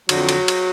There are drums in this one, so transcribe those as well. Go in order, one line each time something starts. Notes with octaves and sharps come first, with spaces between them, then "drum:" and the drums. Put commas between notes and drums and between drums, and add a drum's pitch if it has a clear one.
F2 D3 F#3, drum: cymbal
drum: cymbal
drum: cymbal